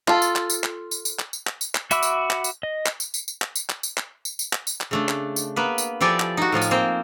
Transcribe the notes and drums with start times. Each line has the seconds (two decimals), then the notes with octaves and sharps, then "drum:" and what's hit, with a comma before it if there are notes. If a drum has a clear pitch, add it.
0.08 F4 A4, drum: clap
0.22 drum: tambourine
0.36 drum: clap
0.50 drum: tambourine
0.64 drum: clap
0.91 drum: tambourine
1.05 drum: tambourine
1.19 drum: clap
1.33 drum: tambourine
1.47 drum: clap
1.61 drum: tambourine
1.75 drum: clap
1.91 F#4 E5 B5 D6 E6, drum: tambourine
2.03 drum: tambourine
2.30 drum: clap
2.44 drum: tambourine
2.63 D#5
2.86 drum: clap
3.00 drum: tambourine
3.14 drum: tambourine
3.28 drum: tambourine
3.42 drum: clap
3.56 drum: tambourine
3.69 drum: clap
3.83 drum: tambourine
3.97 drum: clap
4.25 drum: tambourine
4.39 drum: tambourine
4.53 drum: clap
4.67 drum: tambourine
4.81 drum: clap
4.91 C#3 A3 D4
5.09 drum: clap
5.36 drum: tambourine
5.56 A#3 B3 B4
5.78 drum: tambourine
6.01 F3 E4 G4 A4 D5 G#5
6.20 drum: clap
6.37 D#4 F#4
6.52 A2 F3 F4 G#5
6.62 drum: tambourine
6.71 A#3 C4 C5